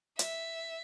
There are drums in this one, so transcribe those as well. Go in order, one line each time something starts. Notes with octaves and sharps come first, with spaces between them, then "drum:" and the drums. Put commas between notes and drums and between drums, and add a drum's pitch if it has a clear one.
E5, drum: hi-hat